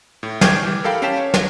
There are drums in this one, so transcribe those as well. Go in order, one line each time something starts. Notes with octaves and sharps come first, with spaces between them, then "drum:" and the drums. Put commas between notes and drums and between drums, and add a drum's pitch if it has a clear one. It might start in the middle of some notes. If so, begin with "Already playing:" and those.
A2
G5 C#6 D6 F6 G6 G#6, drum: snare
E3 G3
G4 A4 A#4 F5 G5 B5
C#4 F5 G5 A5 B6 E7
C#5
drum: snare